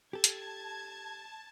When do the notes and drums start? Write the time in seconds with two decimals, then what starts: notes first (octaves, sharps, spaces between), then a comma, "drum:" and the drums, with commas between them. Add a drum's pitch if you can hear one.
0.13 G4 A4 A5 G#6
0.24 drum: hi-hat